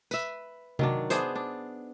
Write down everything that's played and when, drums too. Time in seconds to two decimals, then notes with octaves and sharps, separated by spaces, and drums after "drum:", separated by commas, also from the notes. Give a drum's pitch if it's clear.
0.11 B4 E5, drum: tambourine
0.79 D#3 F#3 D4, drum: tom C3
1.10 B3 D4 G#4 C5, drum: hi-hat
1.35 D4